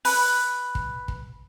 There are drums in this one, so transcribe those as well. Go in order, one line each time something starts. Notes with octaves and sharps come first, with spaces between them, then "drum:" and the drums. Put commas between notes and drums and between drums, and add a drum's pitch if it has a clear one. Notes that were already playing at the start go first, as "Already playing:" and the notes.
B4, drum: open hi-hat
drum: kick
drum: kick